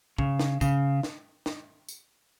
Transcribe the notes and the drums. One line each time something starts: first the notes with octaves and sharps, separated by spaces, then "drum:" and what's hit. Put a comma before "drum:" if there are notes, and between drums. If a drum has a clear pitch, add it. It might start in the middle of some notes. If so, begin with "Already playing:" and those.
C#3, drum: kick
drum: snare
C#3, drum: kick, tambourine
drum: snare
drum: snare
drum: tambourine